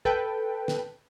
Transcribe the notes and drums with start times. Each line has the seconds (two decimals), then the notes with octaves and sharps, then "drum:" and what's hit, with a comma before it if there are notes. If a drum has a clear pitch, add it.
0.05 A4 B4 G5, drum: kick
0.68 drum: snare